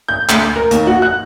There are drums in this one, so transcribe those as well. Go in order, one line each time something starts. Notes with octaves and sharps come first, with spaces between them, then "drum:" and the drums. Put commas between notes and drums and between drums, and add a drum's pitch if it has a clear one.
G6
D2, drum: clap
A#4
D#2, drum: hi-hat
F#4
F#6